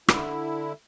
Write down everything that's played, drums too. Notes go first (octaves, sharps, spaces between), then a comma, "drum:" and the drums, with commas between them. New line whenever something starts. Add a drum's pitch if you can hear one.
D3 E4, drum: rim click